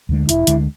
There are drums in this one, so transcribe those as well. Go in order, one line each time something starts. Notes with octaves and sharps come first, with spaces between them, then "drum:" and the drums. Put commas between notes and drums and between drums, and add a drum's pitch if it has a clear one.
D2 D3 G#3
E1 E4, drum: hi-hat
D2 D3 G#3, drum: hi-hat